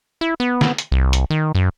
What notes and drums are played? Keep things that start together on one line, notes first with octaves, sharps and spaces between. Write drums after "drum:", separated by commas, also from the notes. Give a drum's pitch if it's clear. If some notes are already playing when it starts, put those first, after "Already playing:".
E4
B3
drum: snare
drum: hi-hat
C2
drum: hi-hat
D#3
F#2